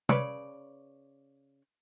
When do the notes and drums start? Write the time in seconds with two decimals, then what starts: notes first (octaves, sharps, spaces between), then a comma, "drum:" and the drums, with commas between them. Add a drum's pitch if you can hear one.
0.09 C#3 B4 C#5 D5, drum: tom